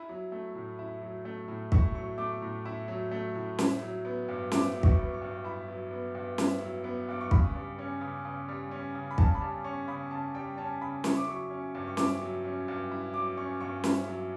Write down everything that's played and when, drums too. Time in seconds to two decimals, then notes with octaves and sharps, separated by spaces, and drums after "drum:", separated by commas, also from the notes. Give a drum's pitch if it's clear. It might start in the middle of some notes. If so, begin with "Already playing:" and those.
Already playing: E4 B5
0.09 F#3
0.32 A3
0.55 A2
0.79 E4
1.02 F#3
1.25 A3
1.48 A2
1.72 E4 C#6, drum: kick
1.95 F#3 C#6
2.18 A3 D6
2.42 A2
2.66 E4
2.88 F#3
3.11 A3
3.36 A2
3.59 E4, drum: snare
3.82 F#3
4.05 B3
4.29 G2
4.52 E4 D6, drum: snare
4.75 F#3
4.83 C#6, drum: kick
4.98 B3
5.13 C#6
5.22 G2
5.44 E4 B5
5.68 F#3
5.91 B3
6.15 G2
6.38 E4, drum: snare
6.61 F#3
6.84 B3
7.09 G2 D6
7.21 C#6
7.31 C#3 B5, drum: kick
7.55 G3
7.79 C#4
8.01 C#3
8.25 C#3
8.48 G3
8.71 C#4
8.95 C#3
9.11 B5
9.18 C#3 A5, drum: kick
9.35 B5
9.41 G3 A5
9.64 C#4 C#6
9.88 C#3 B5
10.11 C#3 A5
10.34 G3 G5
10.57 C#4 A5
10.81 C#3 B5
11.04 E4 C#6, drum: snare
11.16 D6
11.28 F#3 C#6
11.50 C#4
11.75 G2
11.87 C#6
11.97 E4 D6, drum: snare
12.22 F#3
12.45 C#4
12.68 G2
12.92 E4
13.14 F#3 D6
13.37 C#4 C#6
13.61 G2 C#6
13.84 E4 B5, drum: snare
14.08 F#3